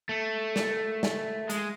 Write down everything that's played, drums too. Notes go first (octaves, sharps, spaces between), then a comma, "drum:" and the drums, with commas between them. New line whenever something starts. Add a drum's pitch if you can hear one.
A3
drum: snare
drum: snare
G#3, drum: hi-hat